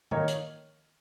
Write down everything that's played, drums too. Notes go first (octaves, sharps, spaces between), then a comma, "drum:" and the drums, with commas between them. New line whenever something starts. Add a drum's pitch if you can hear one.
D#3 A#3 D#4 A#4 C#5, drum: tom A2
drum: hi-hat